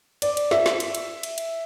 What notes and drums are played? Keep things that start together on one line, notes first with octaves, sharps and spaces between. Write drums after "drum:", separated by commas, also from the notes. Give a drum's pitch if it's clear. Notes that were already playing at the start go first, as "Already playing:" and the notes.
D5, drum: cymbal
drum: cymbal
E5, drum: snare
drum: snare
drum: cymbal
drum: cymbal
drum: cymbal
drum: cymbal